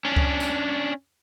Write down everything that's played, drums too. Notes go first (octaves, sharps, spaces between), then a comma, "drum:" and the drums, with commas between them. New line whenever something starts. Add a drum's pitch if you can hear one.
C#4 D4
drum: kick C#2
drum: tambourine